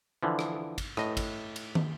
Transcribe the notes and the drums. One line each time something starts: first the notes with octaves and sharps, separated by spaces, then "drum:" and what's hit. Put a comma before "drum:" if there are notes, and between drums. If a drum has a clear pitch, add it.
D3 E3 F3
drum: rim click
drum: kick, cymbal
A2 D#5, drum: rim click
drum: kick, cymbal
drum: cymbal
drum: tom